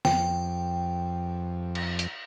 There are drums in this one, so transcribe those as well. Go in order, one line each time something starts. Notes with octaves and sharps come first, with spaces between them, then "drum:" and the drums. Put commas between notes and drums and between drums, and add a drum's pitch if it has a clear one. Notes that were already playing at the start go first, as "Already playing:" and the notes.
F2 G5, drum: snare
drum: cymbal
drum: hi-hat